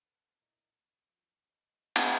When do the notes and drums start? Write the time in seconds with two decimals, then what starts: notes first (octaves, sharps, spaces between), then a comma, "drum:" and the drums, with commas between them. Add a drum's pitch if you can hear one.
0.05 A4 B4 C5 F#5 B5
0.42 A#2 E4 A#4 D5 D#5 A#5
0.75 E6
1.09 F3
1.50 C5 D#5 B5 E6
1.96 drum: cymbal